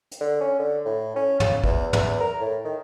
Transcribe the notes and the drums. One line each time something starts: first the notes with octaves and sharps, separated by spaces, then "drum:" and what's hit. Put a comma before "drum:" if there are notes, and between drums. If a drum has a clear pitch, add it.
drum: hi-hat
D3
C#4
D3
A2
C#4
C#3, drum: tom
E2, drum: kick A1
E2, drum: tom
A#4
A2
D#3